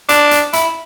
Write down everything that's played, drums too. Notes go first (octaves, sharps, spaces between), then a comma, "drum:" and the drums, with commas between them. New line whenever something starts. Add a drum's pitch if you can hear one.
D4, drum: hi-hat
drum: hi-hat
E4, drum: hi-hat